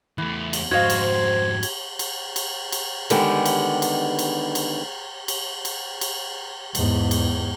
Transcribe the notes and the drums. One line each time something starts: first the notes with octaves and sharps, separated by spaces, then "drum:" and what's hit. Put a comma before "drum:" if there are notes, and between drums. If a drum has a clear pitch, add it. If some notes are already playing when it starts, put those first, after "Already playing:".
E2 E3 A3
drum: cymbal
F2 G#2 F#4 C5 D#5 F5 G#6
drum: cymbal
drum: cymbal
drum: cymbal
drum: cymbal
drum: cymbal
D3 D#3 G3 G#3 B3 G4, drum: cymbal
drum: cymbal
drum: cymbal
drum: cymbal
drum: cymbal
drum: cymbal
drum: cymbal
drum: cymbal
E2 G#2, drum: cymbal
drum: cymbal